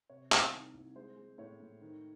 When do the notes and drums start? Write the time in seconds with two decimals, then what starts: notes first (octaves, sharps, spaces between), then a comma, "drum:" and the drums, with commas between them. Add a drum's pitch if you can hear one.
0.10 C3 C#5
0.32 C2, drum: clap
0.52 D#3
0.74 C2
0.95 G#3 C5
1.16 G#3
1.38 A2 C#5
1.60 A2
1.81 D#3